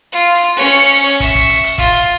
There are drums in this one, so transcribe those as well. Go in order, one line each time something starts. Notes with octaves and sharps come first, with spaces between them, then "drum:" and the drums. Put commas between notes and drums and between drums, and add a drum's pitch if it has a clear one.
F4
drum: hi-hat
C#4 C#5
drum: hi-hat
drum: hi-hat
drum: hi-hat
E5 C#6, drum: kick, hi-hat
drum: kick, hi-hat
drum: hi-hat
drum: hi-hat
F4, drum: kick, hi-hat
drum: hi-hat